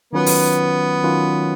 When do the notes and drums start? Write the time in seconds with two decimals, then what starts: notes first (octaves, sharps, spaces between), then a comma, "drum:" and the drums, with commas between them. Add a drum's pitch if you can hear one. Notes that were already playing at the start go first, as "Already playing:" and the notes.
0.13 D#3 F#3 B3 C#4 F4 B4
0.26 drum: open hi-hat
1.03 D#3 F#3 C#4 F4 B4